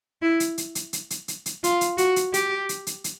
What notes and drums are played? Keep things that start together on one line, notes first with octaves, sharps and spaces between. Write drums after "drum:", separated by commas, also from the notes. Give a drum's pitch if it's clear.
E4
drum: hi-hat
drum: hi-hat
drum: hi-hat
drum: hi-hat
drum: hi-hat
drum: hi-hat
drum: hi-hat
F4, drum: hi-hat
drum: hi-hat
F#4, drum: hi-hat
drum: hi-hat
G4, drum: hi-hat
drum: hi-hat
drum: hi-hat
drum: hi-hat